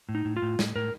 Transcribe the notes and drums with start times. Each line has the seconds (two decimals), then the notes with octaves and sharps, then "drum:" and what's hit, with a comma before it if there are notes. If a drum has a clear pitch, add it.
0.09 A2
0.15 D#4
0.25 A2
0.37 F4
0.42 A2
0.59 A2, drum: snare
0.76 A2 A#4